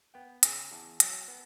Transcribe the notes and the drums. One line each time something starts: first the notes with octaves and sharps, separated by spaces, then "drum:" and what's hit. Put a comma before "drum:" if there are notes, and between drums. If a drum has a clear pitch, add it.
B3 G5
C#3 G#5, drum: hi-hat
E2 A5
F#3, drum: hi-hat
B3